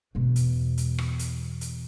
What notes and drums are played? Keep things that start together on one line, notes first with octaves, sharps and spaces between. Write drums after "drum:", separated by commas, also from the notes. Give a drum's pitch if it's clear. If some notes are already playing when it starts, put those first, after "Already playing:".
E2 B2
drum: hi-hat
drum: hi-hat
drum: rim click
drum: hi-hat
drum: hi-hat